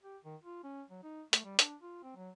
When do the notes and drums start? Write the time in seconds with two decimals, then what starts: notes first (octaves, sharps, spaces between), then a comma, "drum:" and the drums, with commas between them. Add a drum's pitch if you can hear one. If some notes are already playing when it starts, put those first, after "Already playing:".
0.03 G4
0.25 D#3
0.43 F4
0.64 C#4
0.90 F#3
1.03 D#4
1.33 A3, drum: hi-hat
1.45 G3
1.59 D4, drum: hi-hat
1.82 F4
2.03 C4
2.16 F#3